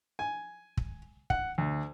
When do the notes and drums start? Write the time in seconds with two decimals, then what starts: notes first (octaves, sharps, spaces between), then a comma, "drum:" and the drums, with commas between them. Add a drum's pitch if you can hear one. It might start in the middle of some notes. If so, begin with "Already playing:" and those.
0.19 G#5
0.77 drum: kick
1.30 F#5, drum: kick
1.58 D2